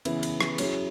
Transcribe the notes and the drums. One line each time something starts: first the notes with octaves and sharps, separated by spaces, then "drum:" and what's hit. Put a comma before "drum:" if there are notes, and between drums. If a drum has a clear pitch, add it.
C#3 E3 B3 E4, drum: cymbal
drum: cymbal
drum: rim click
F#3 C#4 E4 G#4, drum: cymbal